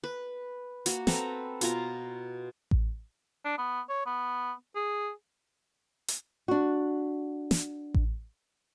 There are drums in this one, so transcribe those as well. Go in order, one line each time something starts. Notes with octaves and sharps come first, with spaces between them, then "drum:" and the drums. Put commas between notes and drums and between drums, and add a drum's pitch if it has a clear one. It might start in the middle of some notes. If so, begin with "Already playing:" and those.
B4
A#3 F#4, drum: hi-hat
C4 A4 B4 A#5, drum: snare
B2 F4 A#5, drum: hi-hat
drum: kick A1
D4
B3
C#5
B3
G#4
drum: hi-hat
D4 F#4
drum: snare
drum: kick A1